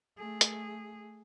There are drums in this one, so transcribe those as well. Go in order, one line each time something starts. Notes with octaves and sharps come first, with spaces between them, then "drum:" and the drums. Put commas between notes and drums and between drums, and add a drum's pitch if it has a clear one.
A3 G#4
drum: hi-hat